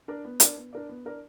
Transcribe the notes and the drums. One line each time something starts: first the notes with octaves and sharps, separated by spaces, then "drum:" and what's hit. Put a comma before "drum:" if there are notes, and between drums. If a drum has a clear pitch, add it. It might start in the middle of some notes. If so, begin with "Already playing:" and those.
D4 A#4 D5
B3
D4 A#4 D5, drum: hi-hat
B3
D4 A#4 D5
B3
D4 A#4 D5